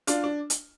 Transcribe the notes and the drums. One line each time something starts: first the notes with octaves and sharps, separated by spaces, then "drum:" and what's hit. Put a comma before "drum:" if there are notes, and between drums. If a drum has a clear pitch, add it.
D4 F4, drum: hi-hat
D4
drum: hi-hat